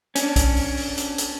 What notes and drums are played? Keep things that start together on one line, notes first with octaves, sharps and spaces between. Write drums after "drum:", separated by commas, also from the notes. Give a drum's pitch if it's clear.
C#4 D4, drum: hi-hat
drum: kick B1, hi-hat
drum: open hi-hat
drum: open hi-hat
drum: hi-hat
drum: hi-hat